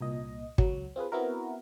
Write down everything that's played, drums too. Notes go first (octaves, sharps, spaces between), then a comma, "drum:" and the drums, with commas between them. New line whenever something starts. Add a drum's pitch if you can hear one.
C2 A#2 D#5
C#2 F#3, drum: kick
C4 F4 G#4 B4
B3 C4 E4 F#4 A#4